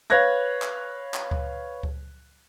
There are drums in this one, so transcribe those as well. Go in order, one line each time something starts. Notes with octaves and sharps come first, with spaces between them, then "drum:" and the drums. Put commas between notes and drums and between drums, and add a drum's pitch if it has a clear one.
B4 C#5 F5 F#6 G#6 A#6
drum: clap
drum: clap
drum: kick C#2
drum: kick C#2